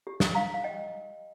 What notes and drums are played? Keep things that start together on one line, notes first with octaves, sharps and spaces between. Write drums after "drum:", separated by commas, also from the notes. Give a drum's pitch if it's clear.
G4
G4, drum: snare
F5 A#5
F5
D#5 G5